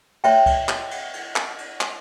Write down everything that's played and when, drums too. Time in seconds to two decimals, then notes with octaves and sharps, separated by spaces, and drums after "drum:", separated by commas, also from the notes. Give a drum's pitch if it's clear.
0.24 C#5 E5 G5, drum: cymbal
0.46 drum: kick, cymbal
0.69 drum: clap
0.91 drum: cymbal
1.13 drum: cymbal
1.36 drum: clap
1.58 drum: cymbal
1.81 drum: clap